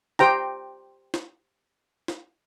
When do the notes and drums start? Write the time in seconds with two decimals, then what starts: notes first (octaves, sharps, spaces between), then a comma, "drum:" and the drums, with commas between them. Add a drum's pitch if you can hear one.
0.19 G4 C5 G5 A#5, drum: snare
1.14 drum: snare
2.08 drum: snare